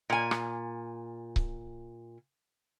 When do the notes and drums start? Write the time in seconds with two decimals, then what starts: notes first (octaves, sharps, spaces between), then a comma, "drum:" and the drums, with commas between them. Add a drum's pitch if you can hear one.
0.10 A#2 G#5
0.31 drum: rim click
1.36 drum: kick C#1